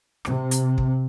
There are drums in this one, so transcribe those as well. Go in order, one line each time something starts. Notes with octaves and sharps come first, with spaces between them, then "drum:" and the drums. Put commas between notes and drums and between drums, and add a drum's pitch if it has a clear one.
C3, drum: rim click
drum: hi-hat
drum: kick